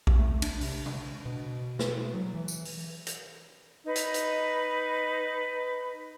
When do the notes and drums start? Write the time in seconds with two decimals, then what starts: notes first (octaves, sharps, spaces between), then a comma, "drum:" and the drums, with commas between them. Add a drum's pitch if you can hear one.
0.07 drum: kick A#1
0.19 A3
0.42 D4, drum: cymbal
0.61 C3, drum: open hi-hat
0.86 D4, drum: tom C#3
1.26 B2
1.79 drum: snare
2.14 F#3
2.34 E3
2.48 drum: tambourine
2.65 drum: open hi-hat
3.07 drum: hi-hat
3.85 D#4 B4
3.96 drum: hi-hat
4.14 drum: hi-hat